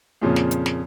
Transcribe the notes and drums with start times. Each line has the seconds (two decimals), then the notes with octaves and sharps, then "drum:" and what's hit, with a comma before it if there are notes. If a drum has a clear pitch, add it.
0.21 F2 A#2 C#3 F3
0.36 drum: snare
0.51 drum: hi-hat
0.66 drum: snare